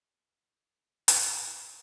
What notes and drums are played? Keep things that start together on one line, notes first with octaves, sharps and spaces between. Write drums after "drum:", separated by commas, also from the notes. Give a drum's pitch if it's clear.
G#4 B4 C5 F#5 G#5
C4
drum: hi-hat
D3 G#3 D4 E4
G#4